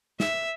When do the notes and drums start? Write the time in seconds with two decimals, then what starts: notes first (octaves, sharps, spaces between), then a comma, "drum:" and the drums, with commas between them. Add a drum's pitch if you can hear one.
0.20 E5, drum: snare